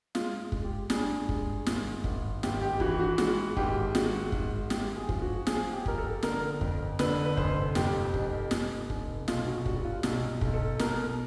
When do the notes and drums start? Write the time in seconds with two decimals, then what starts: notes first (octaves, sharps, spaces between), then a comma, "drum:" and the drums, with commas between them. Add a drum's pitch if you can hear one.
0.15 G#3 F4, drum: snare
0.52 G#3, drum: kick
0.64 G4
0.90 G2 G#4, drum: snare
1.29 G#3, drum: kick
1.66 G#1, drum: snare
2.04 G#1, drum: kick
2.43 G#1 G4, drum: snare
2.61 G4
2.80 E3 F#4, drum: kick
2.99 F#4
3.18 G#3 F#4, drum: snare
3.57 G#1 G4, drum: kick
3.95 G#3 F#4, drum: snare
4.32 G#1, drum: kick
4.70 G#3 G4, drum: snare
4.96 G#4
5.09 F3, drum: kick
5.22 F#4
5.47 F3 G#4, drum: snare
5.72 G4
5.86 F3 A#4, drum: kick
5.98 A4
6.23 D3 A#4, drum: snare
6.61 F2, drum: kick
6.99 D3 B4, drum: snare
7.26 B4
7.37 F1 C5, drum: kick
7.75 F2 G4, drum: snare
8.14 F1, drum: kick
8.51 F1, drum: snare
8.90 F1, drum: kick
9.28 B1 F4, drum: snare
9.47 F#4
9.65 G3 F#4, drum: kick
9.85 F4
10.03 B1 F#4, drum: snare
10.41 B1, drum: kick
10.54 A4
10.79 B2 A#4, drum: snare